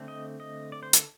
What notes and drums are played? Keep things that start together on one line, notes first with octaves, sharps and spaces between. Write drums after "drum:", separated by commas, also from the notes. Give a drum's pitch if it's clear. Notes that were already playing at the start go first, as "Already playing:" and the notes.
Already playing: D3 A3 C4
D#5
D#5
D5
C5
A4, drum: hi-hat